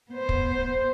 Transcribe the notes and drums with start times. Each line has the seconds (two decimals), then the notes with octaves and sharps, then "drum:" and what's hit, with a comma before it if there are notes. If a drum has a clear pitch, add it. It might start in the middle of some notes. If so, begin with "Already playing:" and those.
0.10 B3 C5
0.29 drum: kick